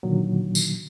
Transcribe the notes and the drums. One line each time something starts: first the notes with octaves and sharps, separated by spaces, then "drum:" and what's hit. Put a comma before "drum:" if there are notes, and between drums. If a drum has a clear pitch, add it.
A#2 D3 D#3 F#3
drum: tambourine